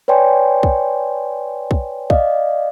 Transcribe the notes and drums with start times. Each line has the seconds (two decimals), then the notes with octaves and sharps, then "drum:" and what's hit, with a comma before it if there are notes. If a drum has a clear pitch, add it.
0.08 B4 C#5 D5 G5 G#5 C6
0.63 drum: kick
1.71 drum: kick
2.10 D5 D#5 F5, drum: kick